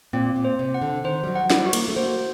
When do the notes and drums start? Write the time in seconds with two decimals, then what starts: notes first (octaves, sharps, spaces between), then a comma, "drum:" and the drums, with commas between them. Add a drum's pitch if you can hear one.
0.13 A#2 C4
0.36 A#2
0.44 C5
0.59 C3
0.74 F#5
0.82 D3
1.04 D#3 C5
1.23 G3
1.27 F#3
1.35 F#5
1.50 G3, drum: snare
1.66 F#4
1.73 A#3, drum: cymbal
1.88 A3
1.96 A#3 C5